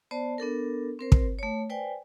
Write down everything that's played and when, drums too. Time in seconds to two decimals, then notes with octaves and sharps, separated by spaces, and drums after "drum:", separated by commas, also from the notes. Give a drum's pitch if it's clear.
0.11 B3 C5 D5 A5
0.38 B3 D4 A4 A#4
0.99 C4 A#4 C5
1.12 drum: kick
1.39 A3 C#5
1.70 B4 C5 D5 G5 G#5